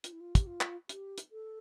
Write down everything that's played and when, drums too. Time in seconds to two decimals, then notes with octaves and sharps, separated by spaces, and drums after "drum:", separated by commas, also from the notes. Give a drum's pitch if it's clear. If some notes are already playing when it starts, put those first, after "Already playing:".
0.04 F4, drum: hi-hat
0.12 E4
0.21 F4
0.35 G4, drum: kick, hi-hat
0.47 F4
0.61 drum: clap
0.89 G4, drum: hi-hat
1.18 drum: hi-hat
1.32 A4